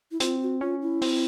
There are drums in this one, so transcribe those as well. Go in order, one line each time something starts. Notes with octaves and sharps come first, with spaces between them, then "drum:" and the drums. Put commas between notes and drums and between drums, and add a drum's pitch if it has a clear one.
E4
C4 F4, drum: hi-hat
F#4
C#4 F4
E4
C4, drum: open hi-hat